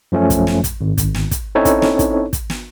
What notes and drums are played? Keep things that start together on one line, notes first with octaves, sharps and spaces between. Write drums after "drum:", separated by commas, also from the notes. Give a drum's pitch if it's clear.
F#2 F3 A3 C#4
drum: kick, hi-hat
drum: snare
drum: kick, hi-hat
G#1
drum: kick, hi-hat
drum: snare
drum: kick, hi-hat
C4 C#4 D#4 E4 A4 C#5
drum: kick, hi-hat
drum: snare
drum: kick, hi-hat
drum: kick, hi-hat
drum: snare